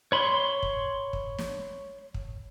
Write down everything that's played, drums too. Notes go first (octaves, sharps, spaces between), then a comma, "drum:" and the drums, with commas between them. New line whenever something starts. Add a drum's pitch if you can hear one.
C#5 B5 C6
drum: kick
drum: kick
drum: snare
drum: kick